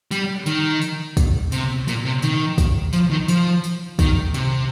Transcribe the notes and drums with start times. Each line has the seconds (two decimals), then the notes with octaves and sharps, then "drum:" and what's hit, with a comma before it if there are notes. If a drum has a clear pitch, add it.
0.11 G3, drum: tambourine
0.46 D#3, drum: tambourine
0.82 drum: tambourine
1.17 drum: kick, tambourine
1.52 C3, drum: tambourine
1.88 A#2, drum: tambourine
2.05 C3
2.22 D#3, drum: tambourine
2.58 drum: kick, tambourine
2.93 F3, drum: tambourine
3.11 D#3
3.28 F3, drum: tambourine
3.64 drum: tambourine
3.99 D#3, drum: kick, tambourine
4.34 C3, drum: tambourine